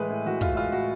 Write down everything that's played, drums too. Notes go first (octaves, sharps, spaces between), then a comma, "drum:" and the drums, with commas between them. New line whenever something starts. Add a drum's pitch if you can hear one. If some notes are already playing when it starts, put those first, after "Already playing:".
Already playing: A2 E3 G#3 B4
A2
E3 F#4
A2 F4, drum: kick
G#3 F4
A2 F#4